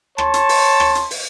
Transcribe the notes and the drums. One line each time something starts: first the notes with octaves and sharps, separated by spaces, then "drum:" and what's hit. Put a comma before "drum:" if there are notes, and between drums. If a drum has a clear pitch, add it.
C#5 A5 C6, drum: rim click
drum: hi-hat
drum: open hi-hat
drum: rim click
drum: hi-hat
drum: open hi-hat